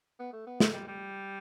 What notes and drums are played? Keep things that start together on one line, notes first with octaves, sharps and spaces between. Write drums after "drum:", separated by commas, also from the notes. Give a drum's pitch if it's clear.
B3
A3
B3
A3, drum: snare
G3
G3